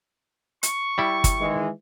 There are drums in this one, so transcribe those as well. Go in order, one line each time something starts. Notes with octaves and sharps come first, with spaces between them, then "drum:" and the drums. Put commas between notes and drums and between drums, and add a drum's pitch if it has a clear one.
C#6, drum: hi-hat
G3 E4
drum: kick G1, hi-hat
D#3 E3 G#3